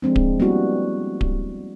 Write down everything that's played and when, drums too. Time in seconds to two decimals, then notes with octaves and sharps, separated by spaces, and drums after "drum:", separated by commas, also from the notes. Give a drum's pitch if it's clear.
0.02 F3 G#3 C4 D4
0.16 drum: kick D1
0.40 G3 A#3 B3 D4 E4 F#4
1.21 drum: kick D1